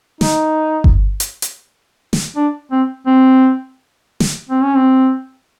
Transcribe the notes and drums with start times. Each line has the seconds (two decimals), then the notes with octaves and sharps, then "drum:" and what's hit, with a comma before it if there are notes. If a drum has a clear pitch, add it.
0.21 D#4, drum: snare
0.84 drum: kick G1
1.20 drum: hi-hat
1.42 drum: hi-hat
2.13 drum: snare
2.36 D4
2.72 C4
3.07 C4
4.20 drum: snare
4.50 C4
4.63 C#4
4.76 C4